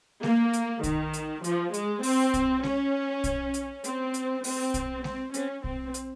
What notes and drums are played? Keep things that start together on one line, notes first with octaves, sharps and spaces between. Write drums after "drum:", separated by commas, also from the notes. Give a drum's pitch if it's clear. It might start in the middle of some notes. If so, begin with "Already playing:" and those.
A#3, drum: snare G#3
drum: hi-hat
D#3, drum: kick, hi-hat
drum: hi-hat
F3, drum: hi-hat
G#3, drum: hi-hat
C4, drum: open hi-hat
drum: kick, hi-hat
C#4, drum: snare G#3
drum: kick, hi-hat
drum: hi-hat
C4, drum: hi-hat
drum: hi-hat
C4, drum: open hi-hat
drum: kick, hi-hat
C4, drum: snare G#3
C#4, drum: hi-hat
C4, drum: kick
drum: hi-hat